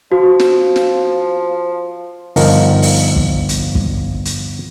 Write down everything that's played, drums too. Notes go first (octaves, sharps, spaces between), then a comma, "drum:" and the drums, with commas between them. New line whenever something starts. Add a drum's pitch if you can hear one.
F3 F#4
drum: snare
drum: snare
G1 F3 D#4 A#4, drum: open hi-hat
drum: open hi-hat
drum: kick
drum: hi-hat
drum: kick
drum: hi-hat